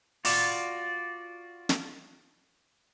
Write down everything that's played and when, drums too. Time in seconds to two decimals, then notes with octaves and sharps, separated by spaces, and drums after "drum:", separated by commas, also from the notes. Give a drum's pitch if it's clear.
0.25 F4 F#4 D5, drum: open hi-hat
1.69 drum: snare